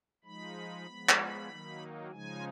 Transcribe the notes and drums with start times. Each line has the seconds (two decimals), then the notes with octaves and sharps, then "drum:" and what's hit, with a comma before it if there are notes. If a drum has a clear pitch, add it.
0.24 F3 G#3 D#4 B5
0.86 F3 G#3 B3
1.09 drum: clap
1.18 B5
1.49 D#3 F#3 A#3 D#4
2.11 C#3 F3 G#3 D#4 G#5